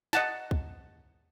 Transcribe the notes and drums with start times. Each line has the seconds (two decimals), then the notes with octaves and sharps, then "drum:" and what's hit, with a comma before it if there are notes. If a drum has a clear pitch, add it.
0.13 D#5 F#5 A5, drum: snare
0.51 drum: kick